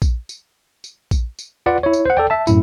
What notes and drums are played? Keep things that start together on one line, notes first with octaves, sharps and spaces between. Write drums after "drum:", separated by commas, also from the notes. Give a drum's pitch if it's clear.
drum: kick A#1, tambourine
drum: tambourine
drum: tambourine
drum: kick A#1, tambourine
drum: tambourine
F4 B4 D5 F#5
E4 C#5
drum: tambourine
C5 F#5
A4 D5 G5
E5 A5
F#2 A2 E4, drum: tambourine